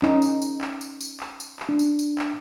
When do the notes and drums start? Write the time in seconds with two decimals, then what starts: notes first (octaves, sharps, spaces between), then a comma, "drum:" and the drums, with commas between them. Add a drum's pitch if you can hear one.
0.02 C#4 D#4, drum: clap
0.22 drum: tambourine
0.42 drum: tambourine
0.61 drum: clap
0.81 drum: tambourine
1.01 drum: tambourine
1.20 drum: clap
1.40 drum: tambourine
1.60 drum: clap
1.69 D4
1.79 drum: tambourine
1.99 drum: tambourine
2.19 drum: clap